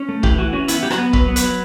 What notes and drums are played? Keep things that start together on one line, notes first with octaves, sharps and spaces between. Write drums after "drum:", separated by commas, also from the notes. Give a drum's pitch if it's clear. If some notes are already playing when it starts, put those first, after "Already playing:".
Already playing: C#4
A3
E3 G4, drum: kick
E3 F#4
C#4 F#4
B3 E4, drum: hi-hat
F#3 G4
F#4, drum: rim click
B3
F#3 B4, drum: kick
B3
B4, drum: hi-hat
F#3